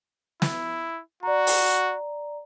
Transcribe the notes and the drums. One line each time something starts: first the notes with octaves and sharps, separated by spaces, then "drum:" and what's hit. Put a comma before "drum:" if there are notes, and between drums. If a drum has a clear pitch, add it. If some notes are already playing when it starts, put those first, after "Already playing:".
E4, drum: snare
F#4 D5 A#5
drum: open hi-hat